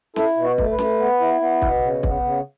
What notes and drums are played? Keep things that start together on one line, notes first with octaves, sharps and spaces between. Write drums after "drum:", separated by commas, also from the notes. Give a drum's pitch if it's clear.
E4 A4, drum: snare
B2
F#4
A3, drum: kick
B4
A3, drum: snare
B3
E4
B3
B2, drum: kick
C#3
B3, drum: kick
C#3